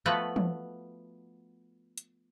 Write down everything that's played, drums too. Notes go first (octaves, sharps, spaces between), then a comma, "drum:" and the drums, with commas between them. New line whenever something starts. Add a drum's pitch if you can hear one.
F3 A3 B3 F#4 B4
drum: tom E3
drum: hi-hat